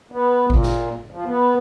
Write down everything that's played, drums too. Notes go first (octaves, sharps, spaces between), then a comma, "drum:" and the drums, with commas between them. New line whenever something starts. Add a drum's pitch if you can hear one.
B3
A#2, drum: kick G#1
drum: snare
F3
B3